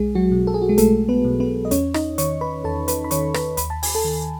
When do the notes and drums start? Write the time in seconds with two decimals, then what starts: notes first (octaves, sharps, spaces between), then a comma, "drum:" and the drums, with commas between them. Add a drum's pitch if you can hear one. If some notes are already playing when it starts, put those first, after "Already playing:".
Already playing: B1 G#3 G#4
0.15 F#3 F#4
0.32 B2
0.47 A4
0.54 G#4
0.62 F#4
0.69 G#3 G#4
0.78 B1 A3 A4, drum: hi-hat
1.09 B3 B4
1.24 B2
1.40 B3 B4
1.65 D#5
1.71 E2 C#4 C#5, drum: hi-hat
1.94 D#4 D#5, drum: rim click
2.18 D#3 C#5 C#6, drum: hi-hat
2.41 B4 B5
2.64 E2 A4 A5
2.88 B4 B5, drum: hi-hat
3.04 B5
3.11 D#3 C#5 C#6, drum: hi-hat
3.34 B4 B5, drum: rim click
3.57 D#2 B5, drum: hi-hat
3.70 A5
3.83 G#5, drum: open hi-hat
3.95 A4 A5
4.05 D#3